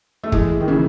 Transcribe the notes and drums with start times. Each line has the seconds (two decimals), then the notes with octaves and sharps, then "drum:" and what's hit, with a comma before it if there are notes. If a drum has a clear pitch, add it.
0.23 A3
0.32 E3 G#3, drum: kick
0.60 D#3
0.68 C#3 E3